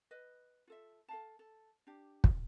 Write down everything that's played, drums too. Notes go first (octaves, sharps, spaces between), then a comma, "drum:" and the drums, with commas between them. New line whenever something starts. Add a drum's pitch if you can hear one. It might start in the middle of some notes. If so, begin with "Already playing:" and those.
B4 D#5
F4 A4 E5
A4 F5 A5
A4
D4 G4
drum: kick